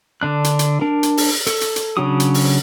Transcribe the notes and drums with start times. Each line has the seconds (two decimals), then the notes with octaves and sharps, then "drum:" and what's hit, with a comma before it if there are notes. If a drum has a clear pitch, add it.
0.22 D3 D4 F#6
0.44 drum: hi-hat
0.59 drum: hi-hat
0.81 D4 A#4
1.03 drum: hi-hat
1.17 drum: open hi-hat
1.47 A4, drum: hi-hat
1.61 drum: hi-hat
1.76 drum: hi-hat
1.97 C#3 F#3 D4 F#4 D#6
2.20 drum: hi-hat
2.34 drum: open hi-hat